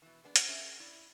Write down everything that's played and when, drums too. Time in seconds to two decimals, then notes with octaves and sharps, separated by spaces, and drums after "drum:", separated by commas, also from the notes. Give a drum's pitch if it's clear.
0.02 B2 E3
0.24 G#3 B3 D4
0.36 drum: hi-hat
0.48 C#4 G#4 A#4 E5
0.80 E4 D5